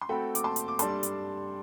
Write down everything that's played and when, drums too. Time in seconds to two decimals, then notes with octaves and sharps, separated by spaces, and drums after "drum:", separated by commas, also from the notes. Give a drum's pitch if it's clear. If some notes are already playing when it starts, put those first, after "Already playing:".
0.01 C6
0.09 A3 C4 F#4 A4 G5 B5
0.35 D6, drum: hi-hat
0.44 A5 C6
0.56 drum: hi-hat
0.68 D6
0.79 G3 D4 A4 A5 C6, drum: hi-hat
1.03 drum: hi-hat